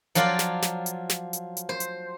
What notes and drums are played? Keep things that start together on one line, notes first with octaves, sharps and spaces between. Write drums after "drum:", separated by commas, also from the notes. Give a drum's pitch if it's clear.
F3 F#3 F4 D5 F5, drum: hi-hat
drum: snare
drum: snare
drum: hi-hat
drum: snare
drum: hi-hat
drum: hi-hat
C5
drum: hi-hat